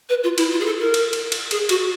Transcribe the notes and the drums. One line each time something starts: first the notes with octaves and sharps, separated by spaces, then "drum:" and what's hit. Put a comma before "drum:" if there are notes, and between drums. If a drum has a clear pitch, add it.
B4
F4
E4, drum: cymbal
F4
G#4
A4
A#4
drum: cymbal
drum: cymbal
drum: cymbal
G#4, drum: cymbal
F#4, drum: cymbal